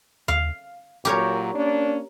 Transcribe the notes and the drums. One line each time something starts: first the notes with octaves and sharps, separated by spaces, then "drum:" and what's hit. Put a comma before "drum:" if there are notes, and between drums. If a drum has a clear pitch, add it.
F5, drum: tom D#2
A#2 F#3 G4 A#4 C#5
A#3 C#4 D4